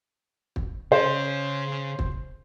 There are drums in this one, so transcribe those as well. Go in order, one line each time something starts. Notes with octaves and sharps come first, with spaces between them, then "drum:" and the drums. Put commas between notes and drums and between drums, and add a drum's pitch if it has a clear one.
drum: kick
C#3 C5 C#5
drum: kick